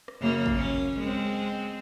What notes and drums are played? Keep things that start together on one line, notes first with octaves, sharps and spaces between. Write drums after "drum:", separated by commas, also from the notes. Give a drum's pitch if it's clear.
drum: rim click
F#2 C#3 A#3
drum: kick
C#4
G#3 C4